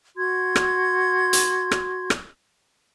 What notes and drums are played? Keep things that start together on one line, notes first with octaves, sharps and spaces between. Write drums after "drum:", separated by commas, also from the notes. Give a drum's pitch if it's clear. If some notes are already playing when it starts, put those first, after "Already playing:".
F#4 C6 G#6
drum: rim click
drum: hi-hat
drum: rim click
drum: rim click